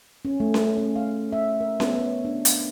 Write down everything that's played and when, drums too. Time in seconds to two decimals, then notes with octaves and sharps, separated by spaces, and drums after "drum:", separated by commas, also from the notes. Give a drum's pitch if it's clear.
0.25 C#4
0.40 A3
0.54 drum: snare C#4
0.77 C#4
0.96 F5
1.32 E5
1.60 A#4
1.80 B3, drum: snare C#4
1.98 C#5
2.25 D4
2.45 F5, drum: hi-hat